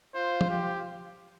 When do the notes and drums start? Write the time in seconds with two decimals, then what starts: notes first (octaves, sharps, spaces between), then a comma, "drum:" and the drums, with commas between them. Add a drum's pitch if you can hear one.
0.15 F4 C5
0.41 drum: tom F3
0.50 G4